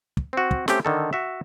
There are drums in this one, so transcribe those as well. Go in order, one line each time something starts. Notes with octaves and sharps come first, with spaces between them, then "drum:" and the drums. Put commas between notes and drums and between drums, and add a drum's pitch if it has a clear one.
drum: kick
C4 F#4
drum: kick
A3 C4 C#4 G4, drum: snare
D3 D#3 A4
F#4 E5